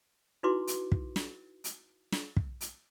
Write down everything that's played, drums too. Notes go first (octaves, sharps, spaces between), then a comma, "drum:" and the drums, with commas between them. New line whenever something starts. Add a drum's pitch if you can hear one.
D#4 E4 F#4 B4 C6 D6
drum: hi-hat
drum: kick
drum: snare
drum: hi-hat
drum: snare
drum: kick
drum: hi-hat